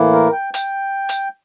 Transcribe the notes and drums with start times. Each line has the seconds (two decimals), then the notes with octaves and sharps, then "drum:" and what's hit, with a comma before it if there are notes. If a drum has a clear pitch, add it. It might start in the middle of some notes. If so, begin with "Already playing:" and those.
Already playing: A2 E3 A#3 E4
0.12 A#4
0.32 G5
0.54 G5, drum: hi-hat
1.09 drum: hi-hat